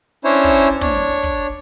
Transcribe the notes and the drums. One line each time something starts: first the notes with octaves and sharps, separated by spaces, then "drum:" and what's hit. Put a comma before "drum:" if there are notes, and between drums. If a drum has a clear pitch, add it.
C#4 D4 E4 C5 C#5
drum: kick
D4 C#5, drum: snare
drum: kick